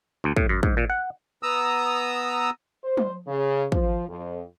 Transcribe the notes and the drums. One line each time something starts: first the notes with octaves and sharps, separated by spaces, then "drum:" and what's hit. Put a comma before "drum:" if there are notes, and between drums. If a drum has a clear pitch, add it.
D2
A2, drum: kick
F#2
G#2, drum: kick
A#2
F#5
B3 A#5 D#6 E6
C5
drum: tom
C#3
F3, drum: kick
F2